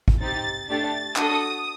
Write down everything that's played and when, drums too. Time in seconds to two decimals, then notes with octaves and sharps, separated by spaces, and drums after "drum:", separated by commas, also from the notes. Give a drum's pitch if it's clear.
0.08 drum: kick G#1
0.20 C4 D#4 G4 A6
0.69 A3 D4 G4 A6
1.16 D4 F#4 A4 D#6, drum: clap